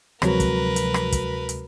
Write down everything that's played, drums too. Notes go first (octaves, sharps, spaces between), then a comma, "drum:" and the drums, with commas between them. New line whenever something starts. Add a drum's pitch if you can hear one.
D2 C3 F3 F#3 G#3 F#4 A#4 B4, drum: rim click
drum: kick, hi-hat
drum: hi-hat
drum: rim click
drum: kick, hi-hat
drum: hi-hat